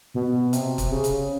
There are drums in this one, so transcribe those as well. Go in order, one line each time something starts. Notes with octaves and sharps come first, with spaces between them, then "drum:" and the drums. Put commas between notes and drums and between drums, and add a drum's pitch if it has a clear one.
B2
C3, drum: hi-hat
drum: kick C#1, hi-hat
C#3
drum: hi-hat